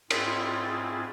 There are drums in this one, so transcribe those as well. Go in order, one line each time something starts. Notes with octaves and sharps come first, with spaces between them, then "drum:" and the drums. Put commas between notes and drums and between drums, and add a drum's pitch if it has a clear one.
G#2 C4 E4 F4 G#4 A6, drum: cymbal